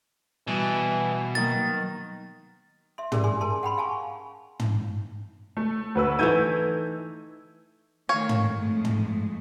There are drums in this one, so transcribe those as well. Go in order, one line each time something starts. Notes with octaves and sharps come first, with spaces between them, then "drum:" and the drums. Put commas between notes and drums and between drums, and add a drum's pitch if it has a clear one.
B2 E3 G3
D#3 F#3 A#3 D#4 A6
E5 C6
C#4 G4 G#4 A#4 D5, drum: tom
G#4 G#5 C6
A#4 G#5 A5 C6
F#5 G5 B5 C6
F5 G#5 A5 C#6
drum: tom
A3
D2 B4 E6
E3 A3 D#4 G6 G#6 D#7
D#3 A3 C#5 F5
drum: tom
F2 G#3 A3
drum: tom